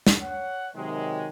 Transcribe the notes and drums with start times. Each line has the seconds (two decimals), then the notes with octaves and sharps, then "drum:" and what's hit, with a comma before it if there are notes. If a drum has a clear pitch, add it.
0.07 drum: snare
0.21 C#5 F#5
0.75 C3 D#3 F#3 G#3